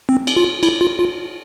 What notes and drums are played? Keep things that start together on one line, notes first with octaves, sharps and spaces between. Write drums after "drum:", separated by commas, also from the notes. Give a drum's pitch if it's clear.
C4
drum: cymbal
F4
E4, drum: cymbal
F4
F4